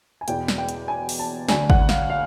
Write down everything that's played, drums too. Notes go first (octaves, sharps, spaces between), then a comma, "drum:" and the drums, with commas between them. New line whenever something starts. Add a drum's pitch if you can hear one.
G#5
E2 B2 G5, drum: hi-hat
drum: snare
G5
drum: hi-hat
G#5
drum: open hi-hat
A5
D2 D3 G#5, drum: snare
F#5, drum: kick G#1
F5, drum: snare
F5